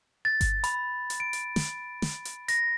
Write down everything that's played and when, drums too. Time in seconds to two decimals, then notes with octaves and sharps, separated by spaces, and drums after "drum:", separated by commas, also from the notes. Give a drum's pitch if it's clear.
0.25 A6
0.41 drum: kick G1, hi-hat
0.64 B5, drum: hi-hat
1.10 drum: hi-hat
1.20 D7
1.33 drum: hi-hat
1.56 drum: snare
2.02 drum: snare
2.25 drum: hi-hat
2.48 A#6, drum: hi-hat